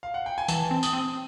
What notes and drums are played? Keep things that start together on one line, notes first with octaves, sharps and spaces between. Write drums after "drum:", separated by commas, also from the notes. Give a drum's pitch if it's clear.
F5
F#5
G5
G#5
E3 A5, drum: tambourine
C4
D#6, drum: tambourine
C4